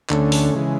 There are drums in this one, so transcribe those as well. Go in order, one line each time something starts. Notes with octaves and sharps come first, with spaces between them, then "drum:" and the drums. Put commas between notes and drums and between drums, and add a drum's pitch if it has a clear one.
D2 D3 A3 C#4, drum: clap
drum: open hi-hat
C#3 E3 G#3